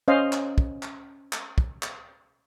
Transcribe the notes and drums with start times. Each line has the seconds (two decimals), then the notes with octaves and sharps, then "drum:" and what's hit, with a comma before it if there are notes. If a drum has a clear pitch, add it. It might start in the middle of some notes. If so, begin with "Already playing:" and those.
0.08 C#4 C5 D#5 F5
0.33 drum: clap
0.58 drum: kick
0.83 drum: clap
1.33 drum: clap
1.58 drum: kick
1.83 drum: clap